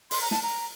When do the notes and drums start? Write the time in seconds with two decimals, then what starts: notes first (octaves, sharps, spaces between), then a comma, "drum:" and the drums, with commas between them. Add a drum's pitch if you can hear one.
0.11 C6, drum: open hi-hat
0.21 A#5
0.31 A5, drum: snare
0.43 A#5